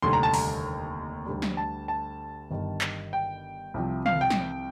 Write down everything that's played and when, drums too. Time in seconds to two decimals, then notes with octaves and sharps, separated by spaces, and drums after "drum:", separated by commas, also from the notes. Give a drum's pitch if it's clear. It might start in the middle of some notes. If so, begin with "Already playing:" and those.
0.02 F1 D#2 D3 G3 C6
0.13 A#5
0.23 A5
0.34 A#5, drum: open hi-hat
1.26 D2 D3 G3
1.42 drum: snare
1.57 A5
1.88 A5
2.50 G1 G2 D#3 G3
2.81 drum: clap
3.13 G5
3.74 C2 C3 F3
4.06 F5, drum: tom
4.21 G5
4.30 drum: snare